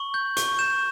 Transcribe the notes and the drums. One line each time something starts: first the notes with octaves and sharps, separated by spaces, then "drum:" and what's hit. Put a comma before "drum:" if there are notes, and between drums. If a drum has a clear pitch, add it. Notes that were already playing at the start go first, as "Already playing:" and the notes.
Already playing: C#6 F#7
G6
C#6, drum: hi-hat
G6 E7